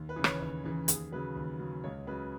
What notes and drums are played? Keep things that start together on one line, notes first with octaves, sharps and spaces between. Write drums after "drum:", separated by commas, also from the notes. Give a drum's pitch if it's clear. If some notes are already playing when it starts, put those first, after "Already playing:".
Already playing: D#2
B4
C#3 E3
C#5, drum: rim click
D#2 C#5
C#3 E3
D#2 G#4, drum: hi-hat
C#3 F#3 B4
D#2
C#3 F#3
C#2 C#5
C#3 F#3 B4